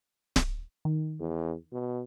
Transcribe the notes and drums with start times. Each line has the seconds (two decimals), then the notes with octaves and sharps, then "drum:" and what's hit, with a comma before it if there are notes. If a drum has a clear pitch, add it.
0.36 drum: snare D1
0.85 D#3
1.20 E2
1.73 B2